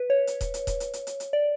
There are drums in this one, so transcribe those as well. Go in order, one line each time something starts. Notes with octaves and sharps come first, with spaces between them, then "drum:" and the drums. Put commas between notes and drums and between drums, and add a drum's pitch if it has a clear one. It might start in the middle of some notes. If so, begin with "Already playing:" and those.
Already playing: B4
C#5
drum: hi-hat
drum: kick D#1, hi-hat
drum: hi-hat
drum: kick D#1, hi-hat
drum: hi-hat
drum: hi-hat
drum: hi-hat
drum: hi-hat
D5